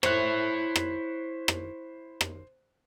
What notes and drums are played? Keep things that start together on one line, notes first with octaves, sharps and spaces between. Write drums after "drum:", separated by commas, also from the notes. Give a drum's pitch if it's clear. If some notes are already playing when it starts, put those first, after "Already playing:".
E4 C5 C#5 F#6, drum: rim click
drum: rim click
drum: rim click
drum: rim click